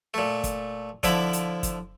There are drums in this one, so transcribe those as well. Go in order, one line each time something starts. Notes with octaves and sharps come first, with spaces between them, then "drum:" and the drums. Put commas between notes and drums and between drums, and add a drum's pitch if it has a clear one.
A#2 A3
drum: kick, hi-hat
D3 F3 E4 B5 D6, drum: kick, hi-hat
drum: hi-hat
drum: kick, hi-hat